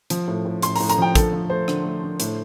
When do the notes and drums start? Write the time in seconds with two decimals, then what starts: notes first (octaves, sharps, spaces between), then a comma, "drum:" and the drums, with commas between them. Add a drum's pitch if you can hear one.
0.10 F3, drum: hi-hat
0.28 A2
0.45 A2
0.62 A2 C6, drum: hi-hat
0.76 A2 A#5, drum: open hi-hat
0.90 A#5, drum: hi-hat
0.98 F3 G5
1.15 D3 A4, drum: kick, hi-hat
1.33 F3
1.50 A3 C5
1.68 D3, drum: rim click
1.85 A3
2.03 D3
2.20 A2, drum: hi-hat